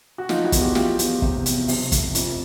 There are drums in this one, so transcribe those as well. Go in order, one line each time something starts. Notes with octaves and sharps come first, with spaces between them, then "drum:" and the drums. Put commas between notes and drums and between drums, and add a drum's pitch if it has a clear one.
F#4
F3 D#4 F4, drum: snare
E4 F#4
E2, drum: kick, hi-hat
F4 G4
A3 F4 G4, drum: snare
E2, drum: hi-hat
C3, drum: kick
E2, drum: hi-hat
C3, drum: open hi-hat
A3, drum: kick, hi-hat
F2, drum: hi-hat